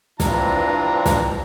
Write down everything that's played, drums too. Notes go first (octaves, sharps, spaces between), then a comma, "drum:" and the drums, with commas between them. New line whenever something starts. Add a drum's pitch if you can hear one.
G2 E3 C4 D4 F4 A#5, drum: snare
drum: snare